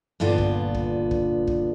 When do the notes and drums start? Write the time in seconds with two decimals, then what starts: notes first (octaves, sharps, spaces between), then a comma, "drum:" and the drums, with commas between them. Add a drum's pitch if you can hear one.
0.20 G2 A#2 D3 B3 F4
0.38 drum: kick
0.75 drum: kick
1.11 drum: kick
1.47 drum: kick